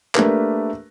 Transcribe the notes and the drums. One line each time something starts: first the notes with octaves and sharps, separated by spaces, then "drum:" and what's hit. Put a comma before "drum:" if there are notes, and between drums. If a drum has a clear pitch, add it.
A3 A#3 D4 G4 A#4 B4, drum: clap